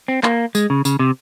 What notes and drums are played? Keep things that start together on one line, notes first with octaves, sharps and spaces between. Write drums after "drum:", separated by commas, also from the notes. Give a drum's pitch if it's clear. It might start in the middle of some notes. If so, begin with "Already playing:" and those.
C4
A#3, drum: clap
G#3, drum: tambourine
C#3
C#3, drum: tambourine
C3